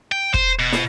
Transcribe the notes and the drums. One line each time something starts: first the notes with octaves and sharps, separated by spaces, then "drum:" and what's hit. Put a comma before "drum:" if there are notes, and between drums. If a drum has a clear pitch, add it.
G5
C5, drum: kick
B2
drum: snare